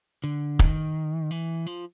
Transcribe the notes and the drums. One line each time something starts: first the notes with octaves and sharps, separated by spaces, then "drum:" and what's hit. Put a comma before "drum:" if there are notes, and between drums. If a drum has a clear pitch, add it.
D3
D#3, drum: kick
E3
F3